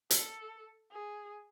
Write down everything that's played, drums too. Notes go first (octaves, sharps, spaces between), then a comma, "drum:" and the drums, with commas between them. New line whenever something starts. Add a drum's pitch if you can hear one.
A4, drum: hi-hat
G#4